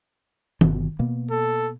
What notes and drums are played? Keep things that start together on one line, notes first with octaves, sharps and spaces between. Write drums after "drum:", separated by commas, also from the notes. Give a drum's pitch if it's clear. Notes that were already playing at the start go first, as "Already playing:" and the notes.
G1 B2, drum: tom D#3
B2 A#3 B3
A4